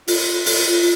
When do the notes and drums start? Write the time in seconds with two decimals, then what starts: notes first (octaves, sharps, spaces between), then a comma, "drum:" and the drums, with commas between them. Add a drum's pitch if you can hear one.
0.08 F4, drum: open hi-hat
0.46 drum: open hi-hat